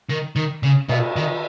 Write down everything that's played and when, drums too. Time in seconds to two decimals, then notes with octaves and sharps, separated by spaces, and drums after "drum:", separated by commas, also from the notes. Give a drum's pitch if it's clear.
0.09 D#3
0.36 D#3
0.63 C#3
0.89 B2, drum: cymbal
1.16 D#3